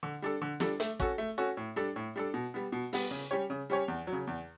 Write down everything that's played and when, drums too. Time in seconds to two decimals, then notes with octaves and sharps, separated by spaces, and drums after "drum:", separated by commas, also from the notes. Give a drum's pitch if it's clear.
0.03 D3
0.22 G3 D4 A4
0.42 D3
0.60 G3 D4 A4, drum: snare
0.80 A3, drum: hi-hat
1.00 C#4 F#4 A4, drum: kick
1.18 A3
1.38 C#4 F#4 A4
1.57 A2
1.76 G3 D4 A4
1.96 A2
2.16 G3 D4 A4
2.34 B2
2.54 G3 B3
2.72 B2
2.93 G3 B3, drum: open hi-hat
3.11 C#3
3.31 G3 C#4 G4 C#5
3.50 C#3
3.70 G3 C#4 G4 C#5
3.88 E2
4.07 F#3
4.12 C#3
4.27 E2